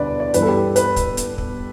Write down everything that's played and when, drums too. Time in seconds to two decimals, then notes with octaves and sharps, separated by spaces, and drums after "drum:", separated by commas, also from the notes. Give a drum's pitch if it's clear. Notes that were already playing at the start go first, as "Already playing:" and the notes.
Already playing: E1 D2 D3 G3 D4 B4 D5
0.20 D5
0.34 G1 G2 E3 G3 B4, drum: hi-hat
0.42 A4
0.48 G4
0.76 B4, drum: hi-hat
0.96 drum: kick, hi-hat
1.17 drum: hi-hat
1.38 drum: kick